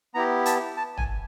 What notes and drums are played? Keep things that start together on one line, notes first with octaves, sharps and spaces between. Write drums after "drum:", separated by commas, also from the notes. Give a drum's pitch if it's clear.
B3 E4 G4 A#5
A5, drum: hi-hat
A5
G#5, drum: tom